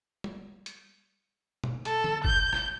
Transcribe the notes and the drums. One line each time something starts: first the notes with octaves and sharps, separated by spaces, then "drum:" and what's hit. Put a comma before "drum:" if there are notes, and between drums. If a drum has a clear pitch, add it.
drum: tom
drum: hi-hat
drum: tom
A4, drum: hi-hat
drum: tom D3
G6, drum: kick
drum: rim click